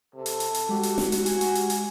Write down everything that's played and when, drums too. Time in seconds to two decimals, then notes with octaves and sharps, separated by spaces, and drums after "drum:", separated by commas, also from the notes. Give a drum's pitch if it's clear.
0.15 C3 A4
0.26 drum: hi-hat
0.40 drum: hi-hat
0.55 drum: hi-hat
0.69 G#3 F#4 G4
0.83 drum: hi-hat
0.98 drum: snare
1.12 drum: hi-hat
1.26 G#5, drum: hi-hat
1.41 drum: hi-hat
1.55 drum: hi-hat
1.70 drum: hi-hat